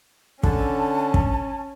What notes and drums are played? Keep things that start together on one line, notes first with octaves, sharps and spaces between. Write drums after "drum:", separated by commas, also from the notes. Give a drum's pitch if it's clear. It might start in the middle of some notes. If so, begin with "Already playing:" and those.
D3 C#4 A5, drum: kick
drum: kick